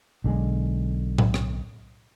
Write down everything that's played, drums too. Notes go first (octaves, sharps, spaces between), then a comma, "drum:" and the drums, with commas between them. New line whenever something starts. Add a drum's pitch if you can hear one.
B1 D3 D#3 G#3
drum: tom A2
drum: rim click